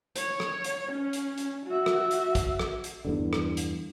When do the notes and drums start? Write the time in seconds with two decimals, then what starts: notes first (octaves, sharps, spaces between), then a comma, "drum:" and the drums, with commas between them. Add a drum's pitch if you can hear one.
0.16 C#5, drum: hi-hat
0.40 drum: rim click
0.64 drum: hi-hat
0.92 C#4
1.13 drum: hi-hat
1.38 drum: hi-hat
1.67 F#4 E5
1.86 drum: rim click
2.11 drum: hi-hat
2.35 drum: kick, hi-hat
2.59 drum: rim click
2.84 drum: hi-hat
3.05 E2 G2 D3
3.33 drum: rim click
3.57 drum: hi-hat